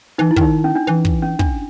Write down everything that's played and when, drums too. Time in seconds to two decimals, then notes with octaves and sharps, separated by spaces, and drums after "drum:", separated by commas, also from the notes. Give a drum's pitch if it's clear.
0.18 E3 D#4
0.31 E4
0.36 D#3 D#4, drum: kick
0.64 C#4
0.75 D4
0.87 E3
1.05 drum: kick
1.22 C#4
1.39 D4, drum: kick